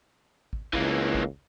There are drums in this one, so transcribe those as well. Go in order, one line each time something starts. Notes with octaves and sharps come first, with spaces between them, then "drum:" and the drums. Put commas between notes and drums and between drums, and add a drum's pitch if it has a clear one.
drum: kick
C#2 E3 A#3, drum: kick
drum: kick